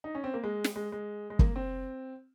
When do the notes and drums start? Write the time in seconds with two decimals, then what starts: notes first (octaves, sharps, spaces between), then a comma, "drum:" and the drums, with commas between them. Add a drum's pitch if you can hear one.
0.04 D#4
0.15 C#4
0.24 C4
0.34 A#3
0.44 G#3
0.64 drum: snare
0.76 G#3
0.92 G#3
1.30 G#3
1.39 A#3, drum: kick
1.56 C4